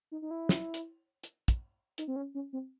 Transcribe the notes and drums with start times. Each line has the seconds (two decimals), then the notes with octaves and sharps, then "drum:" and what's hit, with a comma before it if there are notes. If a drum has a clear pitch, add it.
0.12 D#4
0.22 D#4
0.31 E4
0.49 drum: snare
0.74 drum: hi-hat
1.23 drum: hi-hat
1.48 drum: kick, hi-hat
1.98 D#4, drum: hi-hat
2.08 C4
2.16 C#4
2.35 C#4
2.53 C4